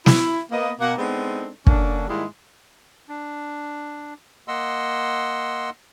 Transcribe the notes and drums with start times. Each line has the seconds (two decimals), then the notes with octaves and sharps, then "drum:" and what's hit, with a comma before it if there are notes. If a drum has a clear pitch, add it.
0.06 E4, drum: snare
0.51 A#3 B3 D#5
0.80 B2 A#3 F#5
0.98 G#3 B3 C4 D4 D#4 A4
1.67 D3 A#3 C#4 D4, drum: kick
2.08 G#2 D#3 G3 G#3 A#3 E4
3.09 D4
4.48 A#3 D#5 F#5 C6 E6